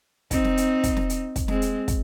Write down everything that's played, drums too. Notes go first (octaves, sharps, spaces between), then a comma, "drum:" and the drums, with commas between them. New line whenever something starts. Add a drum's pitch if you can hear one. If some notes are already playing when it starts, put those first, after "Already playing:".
C4 D#4, drum: kick, hi-hat
drum: snare
drum: hi-hat
drum: kick, hi-hat
drum: snare
drum: hi-hat
drum: kick, hi-hat
G#3 C4, drum: snare
drum: hi-hat
drum: kick, hi-hat